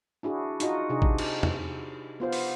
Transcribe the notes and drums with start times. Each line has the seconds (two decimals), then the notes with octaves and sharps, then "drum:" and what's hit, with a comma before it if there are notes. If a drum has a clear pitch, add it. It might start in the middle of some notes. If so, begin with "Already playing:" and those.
0.23 D4 E4 F#4 G#4
0.60 D#4 F4 F#4 D#5, drum: hi-hat
0.90 C3 D4 D#4 G#4
1.02 drum: kick
1.18 drum: cymbal
1.43 drum: tom
2.20 B3 F4 C5
2.33 drum: open hi-hat